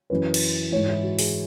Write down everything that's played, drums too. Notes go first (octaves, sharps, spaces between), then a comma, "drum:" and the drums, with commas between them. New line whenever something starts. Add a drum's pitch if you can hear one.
F#2 E3 B4
drum: cymbal
G#2 E3 C#5
E4
F#4
G#4, drum: open hi-hat